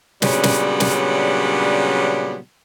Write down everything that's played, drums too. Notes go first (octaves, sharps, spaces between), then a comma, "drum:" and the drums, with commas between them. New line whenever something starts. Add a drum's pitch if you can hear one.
A#2 C#3 F#3 G3 B3 D4, drum: snare
drum: snare
drum: snare